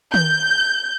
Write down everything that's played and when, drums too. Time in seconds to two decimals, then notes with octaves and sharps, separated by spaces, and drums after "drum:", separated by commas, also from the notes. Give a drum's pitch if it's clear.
0.14 G6, drum: tom D#3